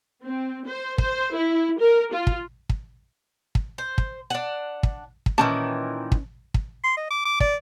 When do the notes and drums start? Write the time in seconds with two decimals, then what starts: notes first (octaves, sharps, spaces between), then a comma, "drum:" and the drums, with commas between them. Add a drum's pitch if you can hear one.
0.24 C4
0.67 C5
0.98 C5, drum: kick
1.34 E4
1.80 A#4
2.12 F4
2.27 drum: kick
2.69 drum: kick
3.55 drum: kick
3.78 C5
3.98 drum: kick
4.30 D4 F#5
4.83 drum: kick
5.26 drum: kick
5.38 A#2 D#3 E3 C#4 A5
6.12 drum: kick
6.54 drum: kick
6.84 C6
6.97 D#5
7.11 D6
7.26 D6
7.40 D5, drum: kick